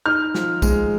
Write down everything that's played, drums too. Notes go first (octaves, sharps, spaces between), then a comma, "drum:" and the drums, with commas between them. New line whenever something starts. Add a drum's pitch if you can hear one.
D#4 F6
F3, drum: snare
G#3, drum: kick, tambourine